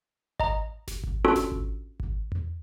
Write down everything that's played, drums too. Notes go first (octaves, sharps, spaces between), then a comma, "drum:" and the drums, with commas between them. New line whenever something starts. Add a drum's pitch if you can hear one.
D#5 A#5, drum: kick G#1
drum: snare F#1
drum: kick G#1
C#4 D4 F4 F#4 A4
drum: snare F#1
drum: kick G#1
drum: kick G#1
drum: tom E2